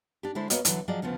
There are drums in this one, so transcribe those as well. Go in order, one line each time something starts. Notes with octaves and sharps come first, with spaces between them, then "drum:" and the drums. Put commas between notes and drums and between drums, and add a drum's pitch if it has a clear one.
D4 G4
D3 G#3 E4 A4 C5
A#3 B3 F#4 C#5 D#5, drum: hi-hat
D3 E3 F#3, drum: hi-hat
F3 F#3 G#4 D5 D#5
D2 C#3 F3 B3